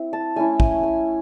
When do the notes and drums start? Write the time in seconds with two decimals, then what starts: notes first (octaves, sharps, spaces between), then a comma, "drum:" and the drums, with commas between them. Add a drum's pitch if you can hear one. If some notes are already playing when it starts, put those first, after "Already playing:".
Already playing: C4 E4
0.13 A5
0.36 A3 C#4 E4 G#5
0.60 G#5, drum: kick
0.83 G#5